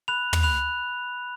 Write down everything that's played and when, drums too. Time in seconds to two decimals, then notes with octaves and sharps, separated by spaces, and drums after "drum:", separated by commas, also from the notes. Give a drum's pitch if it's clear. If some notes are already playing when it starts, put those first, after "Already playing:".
0.08 B5 F#6 F7
0.33 drum: tom
0.43 B5 F#6 F7